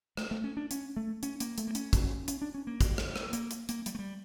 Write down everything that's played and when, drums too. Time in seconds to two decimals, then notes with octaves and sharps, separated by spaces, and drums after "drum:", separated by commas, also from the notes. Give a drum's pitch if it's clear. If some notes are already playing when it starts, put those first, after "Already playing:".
0.17 A3, drum: rim click
0.31 A3
0.44 C#4
0.57 D4
0.71 C#4, drum: hi-hat
0.96 A3
1.23 C#4, drum: hi-hat
1.40 A#3, drum: hi-hat
1.58 A3, drum: hi-hat
1.67 A#3
1.75 C#4, drum: hi-hat
1.93 drum: kick, hi-hat
2.02 C#4
2.28 C#4, drum: hi-hat
2.41 D4
2.54 C#4
2.67 A#3
2.81 drum: kick, hi-hat
2.98 drum: rim click
3.16 drum: rim click
3.33 A#3, drum: hi-hat
3.51 drum: hi-hat
3.69 A#3, drum: hi-hat
3.86 G3, drum: hi-hat
3.95 A3
3.99 G3